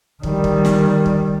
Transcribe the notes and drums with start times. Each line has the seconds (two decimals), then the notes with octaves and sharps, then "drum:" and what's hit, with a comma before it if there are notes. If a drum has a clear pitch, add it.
0.23 D#3 G3, drum: kick
0.44 drum: kick
0.65 drum: snare
1.06 drum: kick